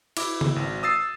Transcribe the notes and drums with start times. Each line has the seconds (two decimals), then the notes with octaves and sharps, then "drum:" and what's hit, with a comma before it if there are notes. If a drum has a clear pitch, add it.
0.17 E4 D6, drum: cymbal
0.41 drum: tom C#3
0.56 G#1
0.83 D#6 E6 A6 C7